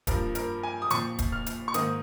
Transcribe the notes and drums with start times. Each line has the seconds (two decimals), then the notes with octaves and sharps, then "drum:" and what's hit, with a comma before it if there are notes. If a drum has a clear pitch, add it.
0.07 G2 F3 A#3 A#4, drum: kick D1, hi-hat
0.35 A#4, drum: hi-hat
0.63 G#5
0.82 D#6
0.90 A#2 F3 C4 C#6, drum: hi-hat
1.19 drum: kick D1, hi-hat
1.32 F6
1.46 drum: hi-hat
1.68 C#6
1.74 G#2 D#3 A#3 D#6, drum: hi-hat